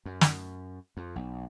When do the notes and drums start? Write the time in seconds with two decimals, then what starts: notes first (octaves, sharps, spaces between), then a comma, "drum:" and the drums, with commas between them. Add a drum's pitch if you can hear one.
0.05 F#2
0.21 drum: snare
0.97 F2
1.16 B1